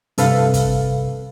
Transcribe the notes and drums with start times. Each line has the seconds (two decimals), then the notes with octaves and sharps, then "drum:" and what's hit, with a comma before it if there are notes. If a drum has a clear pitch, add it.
0.18 G2 C3 A4 B4 F5, drum: hi-hat
0.54 drum: kick, hi-hat